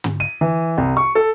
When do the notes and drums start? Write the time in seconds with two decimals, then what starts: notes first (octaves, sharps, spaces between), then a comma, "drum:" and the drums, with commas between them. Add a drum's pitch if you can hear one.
0.04 drum: tom
0.20 D#7
0.41 E3
0.78 C2
0.97 C#6
1.15 A4